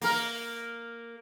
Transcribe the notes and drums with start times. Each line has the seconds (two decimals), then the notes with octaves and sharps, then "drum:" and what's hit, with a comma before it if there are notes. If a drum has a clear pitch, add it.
0.01 A#3 A#4, drum: open hi-hat